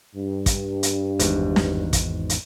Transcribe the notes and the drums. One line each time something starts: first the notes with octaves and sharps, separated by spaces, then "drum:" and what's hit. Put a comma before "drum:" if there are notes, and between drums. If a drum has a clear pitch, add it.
G2
drum: kick, hi-hat
drum: hi-hat
G#1 E2 G#2, drum: hi-hat
drum: snare
drum: kick, hi-hat
drum: hi-hat